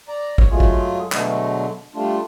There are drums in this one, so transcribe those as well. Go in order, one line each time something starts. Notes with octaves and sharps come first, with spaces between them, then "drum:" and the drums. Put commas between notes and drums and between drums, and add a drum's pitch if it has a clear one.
D5 A#5
C#5, drum: kick
F#3 G#3 A3 F4 G#4
drum: kick
B2 D3 F#3 G#3 A3, drum: clap
G3 A3 D4 F4